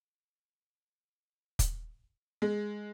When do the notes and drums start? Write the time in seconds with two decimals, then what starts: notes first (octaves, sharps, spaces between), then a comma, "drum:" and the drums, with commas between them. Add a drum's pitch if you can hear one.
1.59 drum: kick, hi-hat
2.42 G#3